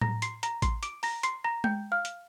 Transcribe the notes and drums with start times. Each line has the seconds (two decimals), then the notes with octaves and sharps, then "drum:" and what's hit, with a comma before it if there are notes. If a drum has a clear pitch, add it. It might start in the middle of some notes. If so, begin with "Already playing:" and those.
0.01 A#5 A#6, drum: tom A2
0.22 C6 C7, drum: hi-hat
0.43 A#5 A#6, drum: hi-hat
0.62 C6 C7, drum: kick A1, hi-hat
0.83 D6 D7, drum: hi-hat
1.03 A#5 A#6, drum: open hi-hat
1.23 C6 C7, drum: hi-hat
1.44 A#5 A#6
1.64 G5 G6, drum: tom G#3
1.92 F5 F6
2.05 drum: hi-hat